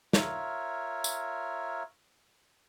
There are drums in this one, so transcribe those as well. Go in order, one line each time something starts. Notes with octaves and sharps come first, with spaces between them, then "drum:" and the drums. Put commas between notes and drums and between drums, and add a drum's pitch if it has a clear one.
F4 A#4 C#5 E5, drum: snare
drum: tambourine